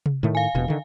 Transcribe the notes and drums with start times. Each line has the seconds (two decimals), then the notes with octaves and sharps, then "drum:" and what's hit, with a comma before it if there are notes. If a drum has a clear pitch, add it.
0.06 drum: tom C3
0.23 A2 D#3 A3
0.35 F5 G#5
0.55 E1 B2
0.68 D3 D#3